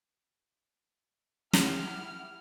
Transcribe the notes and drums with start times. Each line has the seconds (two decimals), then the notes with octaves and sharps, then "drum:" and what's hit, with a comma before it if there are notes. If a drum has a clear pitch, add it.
1.53 E4 G4 F#5 F6, drum: snare